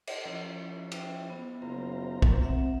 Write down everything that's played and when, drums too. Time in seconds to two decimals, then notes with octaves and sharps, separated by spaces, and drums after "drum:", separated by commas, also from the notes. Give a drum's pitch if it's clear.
0.07 drum: cymbal
0.26 F3 C#4 E4 A#5
0.92 C5 E5 G5, drum: cymbal
1.30 B3
1.62 F#1 F4 C5 A#5
2.22 drum: kick
2.43 C4 E5 F#5